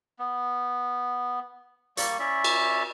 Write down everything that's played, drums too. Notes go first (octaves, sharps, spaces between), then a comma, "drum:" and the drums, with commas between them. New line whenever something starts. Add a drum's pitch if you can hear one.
B3
G3 A#3 D5 C#6, drum: hi-hat
C#4 E4 D5 E5
drum: cymbal